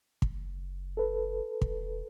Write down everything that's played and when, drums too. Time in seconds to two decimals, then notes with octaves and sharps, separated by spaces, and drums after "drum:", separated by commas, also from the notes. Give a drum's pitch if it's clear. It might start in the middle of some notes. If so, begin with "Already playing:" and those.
0.22 F#1, drum: kick
0.97 A4 B4
1.62 E1, drum: kick